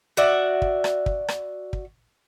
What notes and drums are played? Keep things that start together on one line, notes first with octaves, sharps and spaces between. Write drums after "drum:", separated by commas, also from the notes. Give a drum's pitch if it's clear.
F#4 D5 E5
drum: kick
drum: rim click
drum: kick
drum: rim click
drum: kick